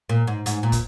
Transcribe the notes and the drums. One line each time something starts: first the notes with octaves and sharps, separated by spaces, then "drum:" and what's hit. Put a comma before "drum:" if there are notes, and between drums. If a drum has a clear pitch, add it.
A#2
G#2
G#2, drum: hi-hat
A#2
drum: kick, hi-hat